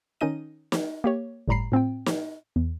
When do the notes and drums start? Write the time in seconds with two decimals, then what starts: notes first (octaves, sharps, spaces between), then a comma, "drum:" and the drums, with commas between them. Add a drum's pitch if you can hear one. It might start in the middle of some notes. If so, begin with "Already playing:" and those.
0.21 D#3 C#4 D#4 D#5 D#7
0.72 drum: snare
1.04 A#3 G4 C#5
1.48 G1 A2 G3 A#5 B5 C7
1.72 A2 C4 F4 G5
2.06 drum: snare
2.56 E2